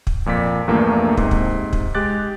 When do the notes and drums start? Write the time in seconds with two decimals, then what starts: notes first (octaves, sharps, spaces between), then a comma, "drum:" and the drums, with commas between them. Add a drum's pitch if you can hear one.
0.07 drum: kick
0.26 F2 A#2 D5 B6
0.67 A#1 E2 G2 A#2 A3 A#3
1.17 G#2 C3, drum: kick
1.31 drum: kick
1.73 drum: kick
1.95 G#3 G4 D6 F#6 A6